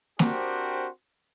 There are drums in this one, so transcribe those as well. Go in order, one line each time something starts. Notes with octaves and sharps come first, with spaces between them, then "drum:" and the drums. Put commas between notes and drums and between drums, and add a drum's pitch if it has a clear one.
C4 D4 F#4 G4 A#4 C5, drum: snare